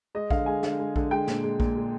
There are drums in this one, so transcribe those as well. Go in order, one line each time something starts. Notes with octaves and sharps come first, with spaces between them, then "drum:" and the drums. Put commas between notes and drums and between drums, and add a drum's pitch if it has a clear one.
G#3 D#5
D3 F5, drum: kick A#1
G#3 G#5
D3 F5, drum: snare
G#3
D3, drum: kick A#1
G#3 G5
A#2, drum: snare
G#3
A#2, drum: kick A#1
G#3